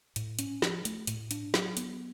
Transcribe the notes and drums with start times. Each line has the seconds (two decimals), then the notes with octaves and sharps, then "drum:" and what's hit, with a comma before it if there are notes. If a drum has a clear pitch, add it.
0.16 A2, drum: hi-hat
0.39 C#4, drum: hi-hat
0.62 F3, drum: snare
0.85 A3, drum: hi-hat
1.07 A2, drum: hi-hat
1.31 D4, drum: hi-hat
1.54 F#3, drum: snare
1.77 B3, drum: hi-hat